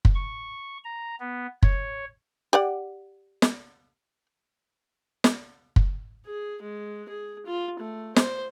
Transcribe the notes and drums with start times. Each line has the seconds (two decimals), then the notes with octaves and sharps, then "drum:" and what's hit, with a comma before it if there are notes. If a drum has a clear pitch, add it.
0.05 drum: kick
0.15 C#6
0.84 A#5
1.20 B3
1.63 C#5, drum: kick
2.53 G4 D5 F#5
3.42 drum: snare
5.24 drum: snare
5.76 drum: kick
6.26 G#4
6.62 G#3
7.09 G#4
7.46 F4
7.80 A3
8.16 C5, drum: snare